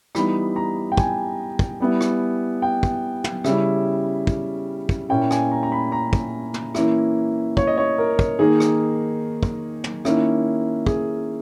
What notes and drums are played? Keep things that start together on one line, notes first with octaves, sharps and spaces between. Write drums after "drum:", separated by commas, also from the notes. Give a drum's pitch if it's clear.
E3 G3 B3 D#4 B5, drum: rim click
A#5
G5
G#5, drum: kick
drum: kick
G3 B3 E4
drum: rim click
G5
drum: kick
drum: tom
C#3 G3 C#4 E4 E5, drum: rim click
drum: kick
drum: kick
A#2 A#3 C#4 E4 G5
G#5, drum: rim click
A#5
A#5
B5
A#5
drum: kick
drum: tom
E3 A#3 C#4 E4, drum: rim click
C#5, drum: kick
D#5
C#5
A#4
drum: kick
D#3 A#3 D#4 G#4
drum: rim click
drum: kick
drum: tom
D#3 A#3 C#4 E4, drum: rim click
G#4, drum: kick